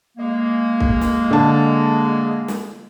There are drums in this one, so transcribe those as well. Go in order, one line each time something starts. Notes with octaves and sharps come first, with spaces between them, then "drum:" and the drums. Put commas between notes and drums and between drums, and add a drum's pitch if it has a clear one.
G#3 A#3
drum: kick
drum: snare
D3 A5
drum: snare